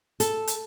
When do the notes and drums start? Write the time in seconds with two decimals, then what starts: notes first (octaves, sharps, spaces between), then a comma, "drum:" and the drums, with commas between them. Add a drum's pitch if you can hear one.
0.20 A4, drum: hi-hat
0.47 drum: hi-hat